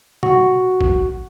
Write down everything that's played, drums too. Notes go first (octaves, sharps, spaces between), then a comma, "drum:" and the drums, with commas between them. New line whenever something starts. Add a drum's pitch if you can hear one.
F#4, drum: tom B2
drum: kick